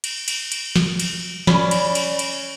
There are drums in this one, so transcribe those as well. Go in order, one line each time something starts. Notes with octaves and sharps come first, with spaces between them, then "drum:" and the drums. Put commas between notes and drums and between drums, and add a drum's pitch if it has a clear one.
drum: cymbal
drum: cymbal
drum: cymbal
drum: snare
drum: cymbal
C#4 D5 B5, drum: snare
drum: cymbal
drum: cymbal
drum: cymbal